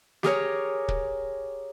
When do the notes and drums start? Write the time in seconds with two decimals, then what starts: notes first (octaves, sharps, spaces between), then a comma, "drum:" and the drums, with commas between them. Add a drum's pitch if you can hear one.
0.23 G4 G#4 A#4 C#5, drum: snare
0.88 drum: kick